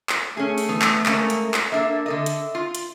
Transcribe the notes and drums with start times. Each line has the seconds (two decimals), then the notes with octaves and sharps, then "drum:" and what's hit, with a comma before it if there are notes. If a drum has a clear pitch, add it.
0.09 drum: clap
0.37 A3 C#4 G#4
0.58 drum: open hi-hat
0.69 E3 B3
0.82 drum: clap
1.06 G#3 A#3 C#4, drum: clap
1.30 drum: hi-hat
1.54 drum: clap
1.72 A#3 D4 A4 E5
2.06 D3 A4 D#5 E5
2.26 drum: hi-hat
2.55 F4
2.75 drum: hi-hat